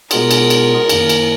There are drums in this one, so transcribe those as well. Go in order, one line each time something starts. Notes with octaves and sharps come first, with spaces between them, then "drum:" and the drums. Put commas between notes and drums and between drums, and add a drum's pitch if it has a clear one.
B2 G#3 B3 F4 G#4 A#4, drum: cymbal
drum: cymbal
drum: cymbal
F#2 D#3 A#3, drum: cymbal
drum: cymbal